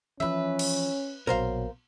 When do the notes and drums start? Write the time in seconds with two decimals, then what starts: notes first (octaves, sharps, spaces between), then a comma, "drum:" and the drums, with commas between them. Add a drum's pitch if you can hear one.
0.20 E3 F3 C#4 B4 E5
0.59 drum: cymbal
1.27 A#1 B2 F#3 A#4 C5 F5